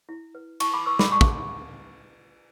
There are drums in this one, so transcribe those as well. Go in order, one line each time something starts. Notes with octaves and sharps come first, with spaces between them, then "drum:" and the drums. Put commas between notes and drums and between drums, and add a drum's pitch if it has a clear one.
E4
B4
E4 A5 C#6, drum: cymbal
B5 D6
B4 C#6 E6
B5 D6, drum: snare
F#4 A5 C#6
drum: kick